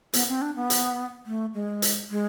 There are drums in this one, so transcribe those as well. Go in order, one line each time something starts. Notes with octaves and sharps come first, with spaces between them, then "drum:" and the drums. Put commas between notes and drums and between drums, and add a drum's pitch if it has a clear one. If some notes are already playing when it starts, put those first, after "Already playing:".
B3, drum: hi-hat
C4
D4
B3
drum: hi-hat
A3
G#3
drum: hi-hat
G#3